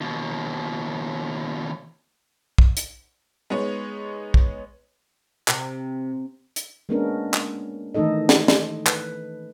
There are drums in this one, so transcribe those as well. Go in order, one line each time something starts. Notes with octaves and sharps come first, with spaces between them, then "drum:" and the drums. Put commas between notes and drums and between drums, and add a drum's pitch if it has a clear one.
D#2 B2
drum: kick
drum: hi-hat
G#3 B3 D#4 C#5
drum: kick
C3, drum: clap
drum: hi-hat
G#3 A#3 B3 C#4 D4 A#4
drum: clap
D#3 E3 A3 D#4 A4 D#5
drum: snare
drum: snare
B4, drum: clap